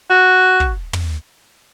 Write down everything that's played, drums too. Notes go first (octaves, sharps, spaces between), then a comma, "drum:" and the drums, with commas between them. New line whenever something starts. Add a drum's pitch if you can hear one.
F#4
drum: kick
drum: tom